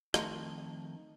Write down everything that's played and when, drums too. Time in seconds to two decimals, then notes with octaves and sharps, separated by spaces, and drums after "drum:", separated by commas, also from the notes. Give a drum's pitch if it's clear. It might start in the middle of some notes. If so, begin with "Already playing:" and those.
0.14 F2 D#3 A3 D#5 A#5 C6, drum: rim click